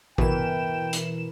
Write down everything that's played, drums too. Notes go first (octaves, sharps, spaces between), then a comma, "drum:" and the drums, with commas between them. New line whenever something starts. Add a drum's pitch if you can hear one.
B2 E3 A#4 B4 G5 E7, drum: kick A1
drum: hi-hat